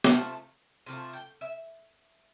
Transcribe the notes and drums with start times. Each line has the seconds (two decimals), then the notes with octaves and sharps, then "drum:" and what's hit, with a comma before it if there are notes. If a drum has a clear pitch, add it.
0.04 C3 F3 A3, drum: snare
0.86 C3 F3 A3
1.13 G5
1.41 E5